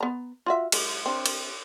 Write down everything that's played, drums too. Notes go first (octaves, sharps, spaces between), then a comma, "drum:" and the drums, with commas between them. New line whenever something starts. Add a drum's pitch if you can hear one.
B3 A#5
F4 F#4 E5
F#3 G#3, drum: cymbal
C4 D4
drum: cymbal